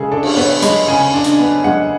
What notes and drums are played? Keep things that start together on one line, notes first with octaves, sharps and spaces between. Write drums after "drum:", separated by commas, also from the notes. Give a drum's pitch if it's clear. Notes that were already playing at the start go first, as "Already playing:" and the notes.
Already playing: C#3 G#3 G#4 A4
D4 A4
drum: cymbal
B3 C#5
G#3 B5, drum: hi-hat
C#3 G#5
D4
drum: hi-hat
B3
G#3 F#5